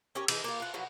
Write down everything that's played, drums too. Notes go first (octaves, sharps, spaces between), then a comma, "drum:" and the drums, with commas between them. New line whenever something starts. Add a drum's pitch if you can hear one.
C#4 G4 A#4 C#5
E3 D#4 G#4, drum: cymbal
A#3 F4
F4 F#5
B2 F3 F#3 F#4